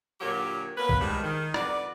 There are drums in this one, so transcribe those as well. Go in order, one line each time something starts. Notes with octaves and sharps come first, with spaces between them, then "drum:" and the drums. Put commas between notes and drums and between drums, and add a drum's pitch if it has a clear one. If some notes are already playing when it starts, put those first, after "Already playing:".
A#2 D3 F#3 G4 A#4 C#5
A#3 B3 C#4 B4
drum: kick
A2 D#3 F3 G3 G#3
D#3
F2 F#4 B4 D5, drum: rim click